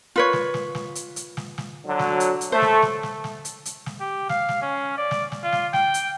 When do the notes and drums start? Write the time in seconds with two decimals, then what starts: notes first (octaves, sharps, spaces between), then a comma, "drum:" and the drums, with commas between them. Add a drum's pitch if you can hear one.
0.16 F4 B4 C#5
0.33 drum: snare
0.54 drum: snare
0.75 drum: snare
0.95 drum: hi-hat
1.16 drum: hi-hat
1.37 drum: snare
1.58 drum: snare
1.86 D3 F#3
1.99 drum: snare
2.20 drum: hi-hat
2.41 drum: hi-hat
2.52 A3 C5
2.62 drum: snare
2.82 drum: snare
3.03 drum: snare
3.24 drum: snare
3.45 drum: hi-hat
3.65 drum: hi-hat
3.86 drum: snare
4.00 G4
4.29 F5, drum: snare
4.49 drum: snare
4.62 C#4
4.98 D5
5.11 drum: snare
5.32 drum: snare
5.43 F4
5.52 drum: snare
5.73 G5, drum: snare
5.94 drum: hi-hat